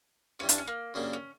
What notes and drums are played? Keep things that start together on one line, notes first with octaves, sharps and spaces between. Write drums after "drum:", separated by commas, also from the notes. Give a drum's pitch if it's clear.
G2 E3 G3 C#4
D4, drum: hi-hat
C#4
A#3
F#2 C#3 G3 A#3 D4
C#4